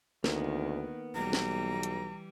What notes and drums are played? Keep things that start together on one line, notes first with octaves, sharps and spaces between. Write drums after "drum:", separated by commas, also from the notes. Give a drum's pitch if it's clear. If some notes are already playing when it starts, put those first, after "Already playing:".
D2 D#3 A#3 B3, drum: snare
B1 E3 G3 A#5
drum: snare
drum: hi-hat